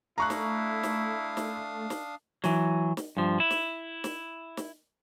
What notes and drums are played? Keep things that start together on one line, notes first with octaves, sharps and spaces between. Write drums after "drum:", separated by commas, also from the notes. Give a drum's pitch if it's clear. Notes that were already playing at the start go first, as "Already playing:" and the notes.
A3 D4 E4 F5 A#5 C#6 D#6 F#6
drum: snare
drum: snare
drum: snare
drum: snare
E3 F#3, drum: snare
drum: snare
G2 F3
E4
drum: snare
drum: snare
drum: snare